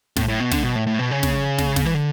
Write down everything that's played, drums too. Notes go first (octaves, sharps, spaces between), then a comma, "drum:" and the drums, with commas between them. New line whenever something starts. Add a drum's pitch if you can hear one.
A2, drum: snare
A2
B2
D3, drum: snare
B2
A2
A2
B2
C#3
drum: snare
drum: snare
drum: snare
E3
D3